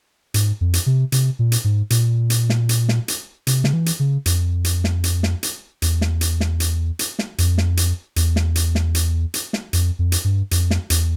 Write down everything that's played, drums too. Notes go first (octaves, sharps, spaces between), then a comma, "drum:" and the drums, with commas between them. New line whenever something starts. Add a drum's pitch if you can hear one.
G#2, drum: hi-hat
F2
drum: hi-hat
C3
C3, drum: hi-hat
A#2
drum: hi-hat
G#2
A#2, drum: hi-hat
drum: hi-hat
drum: snare
drum: hi-hat
drum: snare
drum: hi-hat
C3, drum: hi-hat
C#3, drum: snare
E3
drum: hi-hat
C#3
F2, drum: hi-hat
drum: hi-hat
drum: snare
drum: hi-hat
drum: snare
drum: hi-hat
E2, drum: hi-hat
drum: snare
drum: hi-hat
drum: snare
drum: hi-hat
drum: hi-hat
drum: snare
F2, drum: hi-hat
drum: snare
drum: hi-hat
E2, drum: hi-hat
drum: snare
drum: hi-hat
drum: snare
drum: hi-hat
drum: hi-hat
drum: snare
F2, drum: hi-hat
F2
drum: hi-hat
G2
F2, drum: hi-hat
drum: snare
E2, drum: hi-hat